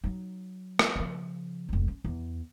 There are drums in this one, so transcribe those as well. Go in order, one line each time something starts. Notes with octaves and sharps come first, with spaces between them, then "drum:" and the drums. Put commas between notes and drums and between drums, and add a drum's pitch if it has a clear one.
F#3 D#4
drum: rim click
C#3 F3
F1 C#2
C#4
E2